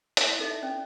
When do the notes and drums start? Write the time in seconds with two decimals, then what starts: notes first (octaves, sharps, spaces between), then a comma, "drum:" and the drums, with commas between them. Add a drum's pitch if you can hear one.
0.17 E4, drum: hi-hat
0.39 D#4 A4 D#5 E5
0.63 C#4 D5 G5